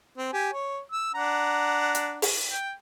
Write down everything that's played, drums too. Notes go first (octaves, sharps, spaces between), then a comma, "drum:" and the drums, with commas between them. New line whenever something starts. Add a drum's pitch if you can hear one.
C4
G4 G#5
C#5
E6
D4 F#5 A#5
drum: hi-hat
drum: open hi-hat
G5